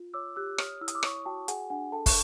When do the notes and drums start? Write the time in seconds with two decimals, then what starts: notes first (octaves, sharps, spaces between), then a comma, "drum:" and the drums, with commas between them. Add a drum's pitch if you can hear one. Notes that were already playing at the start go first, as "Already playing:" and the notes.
Already playing: F4
0.14 C#5 D6 E6
0.36 G4 E6 F#6
0.58 C#5 D#6 F6, drum: rim click
0.81 E4 E6
0.88 D#6, drum: hi-hat
0.95 D6 E6
1.03 C#5 C#6 D#6, drum: rim click
1.25 F#4 G5 A5
1.48 G#4 F#5 G#5, drum: hi-hat
1.70 D4 F#5 G#5
1.92 A4 G5 A5
2.06 C#6, drum: kick, open hi-hat